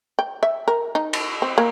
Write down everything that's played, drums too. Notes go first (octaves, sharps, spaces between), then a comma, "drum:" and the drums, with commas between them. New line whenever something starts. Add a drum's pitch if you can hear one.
G5
E5
A#4
D#4
drum: cymbal
C4
A#3